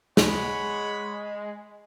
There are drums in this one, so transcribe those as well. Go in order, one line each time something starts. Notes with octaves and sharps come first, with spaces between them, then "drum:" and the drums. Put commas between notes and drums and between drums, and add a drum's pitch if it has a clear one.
G#3 C#5 F#5 B5, drum: snare